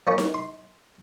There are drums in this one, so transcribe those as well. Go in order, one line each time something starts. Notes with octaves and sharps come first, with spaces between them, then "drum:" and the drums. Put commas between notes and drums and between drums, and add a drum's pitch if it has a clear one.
F3 A#3 C#4 C#6
drum: snare D#4
C6